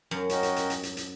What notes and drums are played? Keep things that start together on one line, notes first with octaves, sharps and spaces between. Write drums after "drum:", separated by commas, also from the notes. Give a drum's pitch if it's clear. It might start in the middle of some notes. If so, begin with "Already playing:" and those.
F#2
C#4 F#4 A#4 D#5 G5, drum: hi-hat
drum: hi-hat
drum: hi-hat
drum: hi-hat
drum: hi-hat
drum: hi-hat